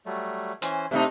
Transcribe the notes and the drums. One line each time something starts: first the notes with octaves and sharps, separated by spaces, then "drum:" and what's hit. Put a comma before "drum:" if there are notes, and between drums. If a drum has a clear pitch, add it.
F#3 G3 A3
E3 C#4 C5, drum: hi-hat
C3 A3 D4 D#4